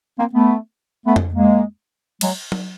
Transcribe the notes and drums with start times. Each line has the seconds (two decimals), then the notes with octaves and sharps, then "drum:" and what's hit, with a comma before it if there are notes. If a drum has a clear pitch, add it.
0.19 A#3 C4
0.33 A3 B3
1.05 A3 B3
1.16 drum: tom F2
1.34 G#3 A#3
2.21 F#3 G#3, drum: cymbal
2.52 drum: tom F#3